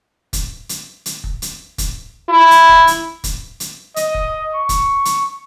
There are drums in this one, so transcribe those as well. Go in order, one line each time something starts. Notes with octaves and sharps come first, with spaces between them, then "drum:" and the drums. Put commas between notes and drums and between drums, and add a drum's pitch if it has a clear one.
drum: kick, hi-hat
drum: hi-hat
drum: hi-hat
drum: kick
drum: hi-hat
drum: kick, hi-hat
E4
drum: hi-hat
drum: kick
drum: hi-hat
drum: kick, hi-hat
drum: hi-hat
D#5, drum: hi-hat
drum: kick
C#6
drum: kick, hi-hat
drum: hi-hat